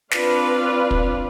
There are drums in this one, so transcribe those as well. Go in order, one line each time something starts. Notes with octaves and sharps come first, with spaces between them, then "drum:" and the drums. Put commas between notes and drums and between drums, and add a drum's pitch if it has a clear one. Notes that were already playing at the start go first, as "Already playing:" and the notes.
C4 D4 F4 B4 D5 F5, drum: snare
drum: kick